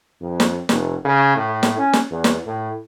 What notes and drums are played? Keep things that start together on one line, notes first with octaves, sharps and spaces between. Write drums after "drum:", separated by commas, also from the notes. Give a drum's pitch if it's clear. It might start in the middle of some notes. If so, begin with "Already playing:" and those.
F2
drum: snare
F1, drum: snare
C#3
A2
drum: snare
C#4
drum: snare
E2
drum: snare
A2